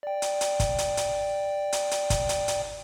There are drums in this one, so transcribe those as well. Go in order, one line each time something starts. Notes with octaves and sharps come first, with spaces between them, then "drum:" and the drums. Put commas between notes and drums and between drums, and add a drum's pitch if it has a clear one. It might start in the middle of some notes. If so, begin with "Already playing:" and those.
D5 G5
drum: hi-hat
drum: hi-hat
drum: kick, hi-hat
drum: hi-hat
drum: hi-hat
drum: hi-hat
drum: hi-hat
drum: kick, hi-hat
drum: hi-hat
drum: hi-hat